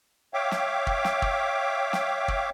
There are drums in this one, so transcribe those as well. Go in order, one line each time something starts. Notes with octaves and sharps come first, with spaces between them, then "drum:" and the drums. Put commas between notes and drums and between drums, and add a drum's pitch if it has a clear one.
C#5 E5 F5 G5 D6
drum: snare
drum: kick
drum: snare
drum: kick
drum: snare
drum: kick